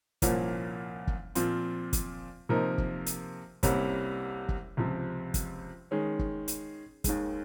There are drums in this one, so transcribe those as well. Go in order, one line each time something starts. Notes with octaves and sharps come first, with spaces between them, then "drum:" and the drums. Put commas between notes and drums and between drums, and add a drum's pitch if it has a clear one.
C2 A#2 F3 A#3 C#4, drum: kick, hi-hat
drum: kick
A#2 F3 C4 F4, drum: hi-hat
drum: kick, hi-hat
C3 F3 A#3 D#4 A#4
drum: kick
drum: hi-hat
C2 C3 G3 A#3 C#4, drum: kick, hi-hat
drum: kick
C#2 C3 F3
drum: kick, hi-hat
D#3 G#3 C#4
drum: kick
drum: hi-hat
D#2 D#3 G#3, drum: kick, hi-hat